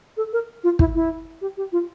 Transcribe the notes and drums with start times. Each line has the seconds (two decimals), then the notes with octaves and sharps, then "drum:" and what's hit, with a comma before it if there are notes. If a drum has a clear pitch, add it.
0.17 A4
0.33 A#4
0.64 F4
0.79 E4, drum: kick
0.95 E4
1.41 G4
1.57 G4
1.72 F4